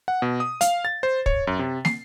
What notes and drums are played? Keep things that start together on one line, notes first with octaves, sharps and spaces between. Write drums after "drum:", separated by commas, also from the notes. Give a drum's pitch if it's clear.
F#5
B2
D#6
F5, drum: hi-hat
A6
C5
C#5, drum: kick
F#2
C3
C7, drum: snare